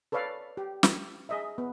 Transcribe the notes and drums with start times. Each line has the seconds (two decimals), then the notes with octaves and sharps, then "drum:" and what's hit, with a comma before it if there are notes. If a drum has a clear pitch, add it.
0.12 A4 B4 C#5 D5 F5
0.57 G4
0.83 drum: snare
1.29 G#4 D#5 E5
1.58 B3